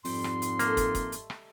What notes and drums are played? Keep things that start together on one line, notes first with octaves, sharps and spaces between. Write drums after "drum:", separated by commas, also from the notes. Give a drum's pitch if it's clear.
F2 G#2 G3 G5 C6, drum: open hi-hat
drum: rim click
drum: hi-hat
A3 A#3 A4 D#5, drum: hi-hat
drum: kick, hi-hat
drum: kick, hi-hat
drum: hi-hat
drum: rim click